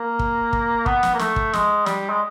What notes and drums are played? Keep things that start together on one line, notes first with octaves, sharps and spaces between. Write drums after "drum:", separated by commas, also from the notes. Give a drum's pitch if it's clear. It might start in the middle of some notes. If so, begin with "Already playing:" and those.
Already playing: A#3
drum: kick
drum: kick
B3, drum: kick
drum: snare
A#3
A3, drum: snare
drum: kick
G#3, drum: snare
G3, drum: snare
G#3